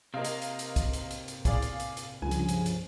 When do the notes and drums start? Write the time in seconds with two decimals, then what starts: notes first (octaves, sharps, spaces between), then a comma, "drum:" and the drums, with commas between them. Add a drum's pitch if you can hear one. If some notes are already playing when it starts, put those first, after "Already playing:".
0.14 C3 A#3 A#4 D#5 F5
0.24 drum: hi-hat
0.42 drum: hi-hat
0.59 drum: hi-hat
0.76 drum: kick, hi-hat
0.93 drum: hi-hat
1.11 drum: hi-hat
1.28 drum: hi-hat
1.45 A2 G#4 D5 F5, drum: kick, hi-hat
1.62 drum: hi-hat
1.80 drum: hi-hat
1.97 drum: hi-hat
2.22 C#2 G2 C#3 F3 G#5
2.31 drum: hi-hat
2.49 drum: hi-hat
2.66 drum: hi-hat